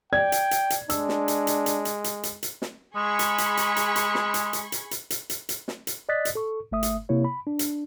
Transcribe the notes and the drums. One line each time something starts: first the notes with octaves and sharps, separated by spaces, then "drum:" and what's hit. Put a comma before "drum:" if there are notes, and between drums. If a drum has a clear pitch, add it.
D5 G5 G#6
drum: hi-hat
drum: hi-hat
drum: hi-hat
G#3 D4 E6, drum: hi-hat
drum: snare
drum: hi-hat
drum: hi-hat
drum: hi-hat
drum: hi-hat
drum: hi-hat
drum: hi-hat
drum: hi-hat
drum: snare
G#3 G#4 B5 C#6
drum: hi-hat
drum: hi-hat
drum: hi-hat
drum: hi-hat
drum: hi-hat
drum: snare
drum: hi-hat
drum: hi-hat
drum: hi-hat
drum: hi-hat
drum: hi-hat
drum: hi-hat
drum: hi-hat
drum: snare
drum: hi-hat
D5 D#5 D#6 F#6 A6 B6
drum: hi-hat
A4 C#6
G1 A3 E5 D#6
drum: hi-hat
C3 A#3 E4 C#5
B5
D4
drum: hi-hat